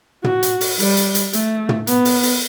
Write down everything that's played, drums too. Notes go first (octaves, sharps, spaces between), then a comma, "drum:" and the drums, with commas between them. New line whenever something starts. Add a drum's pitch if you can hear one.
F#4, drum: tom
drum: hi-hat
drum: open hi-hat
G3, drum: open hi-hat
drum: hi-hat
drum: hi-hat
A3, drum: hi-hat
drum: tom
B3, drum: hi-hat
drum: open hi-hat
drum: open hi-hat